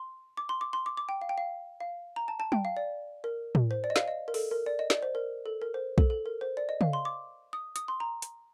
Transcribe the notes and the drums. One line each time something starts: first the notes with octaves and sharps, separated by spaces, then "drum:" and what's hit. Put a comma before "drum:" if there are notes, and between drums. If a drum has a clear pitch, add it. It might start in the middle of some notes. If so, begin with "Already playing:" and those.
Already playing: C6
D6
C6
D6
C6
D6
D6
G5
F5
G5
F5
F5
A#5
A5
A5
G5, drum: tom
F5
D5
A#4
drum: tom
C5
D5
D#5
F5, drum: snare
D#5
A#4
A4, drum: open hi-hat
A#4
D5
D#5
D5, drum: snare
C5
A#4
A4
A#4
C5
A4, drum: kick B1
A4
A#4
C5
D5
D#5
F5, drum: tom
C6
D6
D#6
D#6, drum: hi-hat
C6
A#5
drum: hi-hat